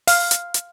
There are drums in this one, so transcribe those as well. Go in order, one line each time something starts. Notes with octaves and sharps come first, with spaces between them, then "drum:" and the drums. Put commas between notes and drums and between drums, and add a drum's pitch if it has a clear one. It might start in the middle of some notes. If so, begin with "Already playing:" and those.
F5, drum: open hi-hat
drum: hi-hat
drum: hi-hat